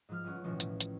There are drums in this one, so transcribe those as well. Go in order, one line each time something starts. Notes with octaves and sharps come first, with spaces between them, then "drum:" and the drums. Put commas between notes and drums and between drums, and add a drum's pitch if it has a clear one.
G#2 F3 F6
G1 C#4 F#5
A1 B2 D#3 F3
A2, drum: hi-hat
drum: hi-hat